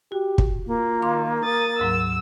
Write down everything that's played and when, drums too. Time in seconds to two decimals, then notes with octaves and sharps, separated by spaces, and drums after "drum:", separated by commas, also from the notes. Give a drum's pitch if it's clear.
0.12 F#4 G4
0.38 drum: kick
0.67 A#3 F4
1.02 D#3 F5 C6 D6
1.44 A#4 D#6 A6
1.79 D2 G#2 F#3 E6